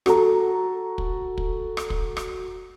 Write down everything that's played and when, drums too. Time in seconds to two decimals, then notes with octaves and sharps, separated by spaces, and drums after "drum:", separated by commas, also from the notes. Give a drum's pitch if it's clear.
0.06 F#4 A4 A#5, drum: rim click
0.98 drum: kick
1.38 drum: kick
1.77 drum: rim click
1.90 drum: kick
2.17 drum: rim click